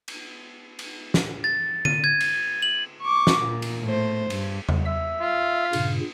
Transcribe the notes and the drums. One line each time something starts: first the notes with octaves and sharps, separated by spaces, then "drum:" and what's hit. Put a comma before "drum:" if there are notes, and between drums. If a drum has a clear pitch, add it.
drum: cymbal
drum: cymbal
drum: snare
A6
D#7, drum: tom D3
G#6
drum: cymbal
F#7
C#6 D6
drum: snare
A#2
drum: cymbal
A2 C5
G2, drum: cymbal
drum: tom E2
E5 E6
F4
G2 A#2 C#3, drum: cymbal